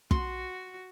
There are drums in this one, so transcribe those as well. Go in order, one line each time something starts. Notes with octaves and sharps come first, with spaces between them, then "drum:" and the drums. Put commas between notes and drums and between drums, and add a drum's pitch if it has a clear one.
F#4 C6, drum: kick